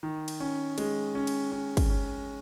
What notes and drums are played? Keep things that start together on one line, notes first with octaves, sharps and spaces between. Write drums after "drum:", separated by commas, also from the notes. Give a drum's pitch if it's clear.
D#3
drum: cymbal
C#4
G#3, drum: cymbal
C#4
drum: cymbal
C#4
drum: kick, cymbal
C#4